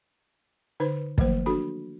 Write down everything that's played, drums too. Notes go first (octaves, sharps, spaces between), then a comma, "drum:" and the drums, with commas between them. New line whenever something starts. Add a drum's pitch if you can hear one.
D3 D#4 B4 C5
D#3 F3 F#3 A3 A#3 C5, drum: kick
D4 F#4 A4 B5